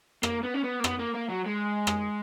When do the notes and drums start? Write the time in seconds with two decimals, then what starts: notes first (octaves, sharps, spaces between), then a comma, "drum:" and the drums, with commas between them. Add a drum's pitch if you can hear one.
0.23 A#3, drum: rim click
0.43 B3
0.54 C#4
0.64 B3
0.80 A#3
0.84 B3, drum: rim click
0.99 A#3
1.15 A#3
1.30 F#3
1.46 G#3
1.87 drum: rim click